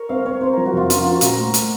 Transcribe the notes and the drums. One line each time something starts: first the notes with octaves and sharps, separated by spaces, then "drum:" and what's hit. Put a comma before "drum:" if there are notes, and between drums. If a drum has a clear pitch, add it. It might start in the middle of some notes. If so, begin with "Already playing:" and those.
Already playing: A#4 C#5
C4 F5
C4 C#5
C4 C5
F3 A#4
F#4
F2 F4
C#4 F4, drum: hi-hat
C#4 F4
F#4
A#2, drum: hi-hat
A#4
A3
A3, drum: hi-hat